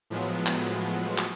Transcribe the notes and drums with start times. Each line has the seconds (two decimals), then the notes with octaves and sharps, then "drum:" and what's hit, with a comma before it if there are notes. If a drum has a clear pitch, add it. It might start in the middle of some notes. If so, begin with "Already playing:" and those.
0.10 A2 F3 F#3 G#3 B3
0.46 drum: clap
1.18 drum: clap